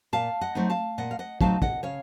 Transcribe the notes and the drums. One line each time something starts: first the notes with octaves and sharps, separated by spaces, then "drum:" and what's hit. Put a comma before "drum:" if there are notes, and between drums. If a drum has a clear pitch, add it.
A#2 F5 A5
D#5 F#5
F#3 A3 C4 D#4
F5 A5
A#2 D#5 F#5
F5
D#5 F#5
F#3 A3 C4 D#4 F5 A5, drum: kick
D#5 F#5, drum: kick
C#3 C#5 F5